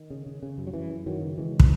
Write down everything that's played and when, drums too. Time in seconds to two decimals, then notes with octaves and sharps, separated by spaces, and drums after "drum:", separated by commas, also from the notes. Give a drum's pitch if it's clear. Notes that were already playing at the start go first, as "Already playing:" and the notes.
Already playing: D#3
0.10 C#3
0.26 C#3
0.43 C#3
0.58 F#2
0.67 F#3
0.74 F#2 E3
0.90 F#2
1.06 F#2 D#3 F#3
1.22 C#3
1.38 C#3 E3 G#3
1.60 drum: kick